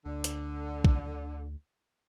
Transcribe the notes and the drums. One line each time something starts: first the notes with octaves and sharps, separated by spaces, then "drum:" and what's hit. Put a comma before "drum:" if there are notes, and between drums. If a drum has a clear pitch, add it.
D2 D3
drum: hi-hat
drum: kick B1